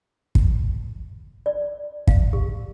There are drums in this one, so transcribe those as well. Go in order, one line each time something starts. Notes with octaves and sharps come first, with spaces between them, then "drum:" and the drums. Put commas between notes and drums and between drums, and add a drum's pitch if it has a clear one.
drum: kick
D5
F5, drum: kick
G4